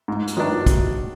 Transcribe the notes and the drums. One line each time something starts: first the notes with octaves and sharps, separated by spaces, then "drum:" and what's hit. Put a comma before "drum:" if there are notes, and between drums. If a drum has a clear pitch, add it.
G#2
drum: hi-hat
D#3 F#3 B3 D4
drum: kick, hi-hat